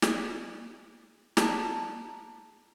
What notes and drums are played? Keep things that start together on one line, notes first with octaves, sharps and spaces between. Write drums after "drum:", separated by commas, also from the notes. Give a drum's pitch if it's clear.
drum: snare
A5 A#5, drum: snare